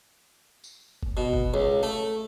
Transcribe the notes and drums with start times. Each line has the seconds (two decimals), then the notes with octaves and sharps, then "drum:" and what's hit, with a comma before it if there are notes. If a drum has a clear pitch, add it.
0.64 drum: tambourine
1.03 drum: kick G1
1.17 B2
1.34 drum: kick G1
1.54 C#2
1.83 A3